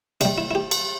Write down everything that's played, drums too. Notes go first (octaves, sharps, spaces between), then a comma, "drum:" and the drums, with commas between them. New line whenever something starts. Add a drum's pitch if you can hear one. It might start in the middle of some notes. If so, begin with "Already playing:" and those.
C3 G3 D4, drum: cymbal
E4
E4
G4
drum: cymbal